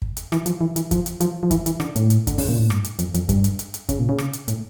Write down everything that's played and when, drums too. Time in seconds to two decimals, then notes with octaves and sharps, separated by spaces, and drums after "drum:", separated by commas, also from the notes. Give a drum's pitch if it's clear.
0.02 drum: kick
0.17 drum: hi-hat
0.32 E3, drum: rim click
0.46 F3, drum: hi-hat
0.61 E3
0.76 E3, drum: hi-hat
0.91 F3, drum: kick, hi-hat
1.06 drum: hi-hat
1.20 F3, drum: hi-hat
1.43 F3
1.51 E3, drum: kick, hi-hat
1.66 E3, drum: hi-hat
1.80 D3, drum: rim click
1.96 A2, drum: hi-hat
2.10 drum: hi-hat
2.27 D3, drum: kick, hi-hat
2.38 C#3, drum: kick, open hi-hat
2.48 A#2
2.58 A2
2.70 G2, drum: rim click
2.84 drum: hi-hat
2.99 F2, drum: hi-hat
3.14 F2, drum: hi-hat
3.29 G2, drum: kick, hi-hat
3.44 drum: hi-hat
3.59 drum: hi-hat
3.74 drum: hi-hat
3.89 C#3, drum: kick, hi-hat
3.99 A#2
4.09 C#3
4.18 drum: rim click
4.33 drum: hi-hat
4.48 A2, drum: hi-hat